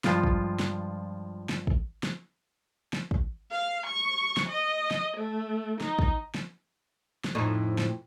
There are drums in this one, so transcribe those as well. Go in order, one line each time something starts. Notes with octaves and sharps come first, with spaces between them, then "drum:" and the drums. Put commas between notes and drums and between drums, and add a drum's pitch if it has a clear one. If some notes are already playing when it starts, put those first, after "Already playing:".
G2 F3 G#3 F4, drum: snare
drum: kick
drum: snare
drum: snare
drum: kick
drum: snare
drum: snare
drum: kick
F5
C#6
drum: snare
D#5
drum: snare
A3
D#4, drum: snare
drum: kick
drum: snare
drum: snare
F2 A2 D#4
drum: snare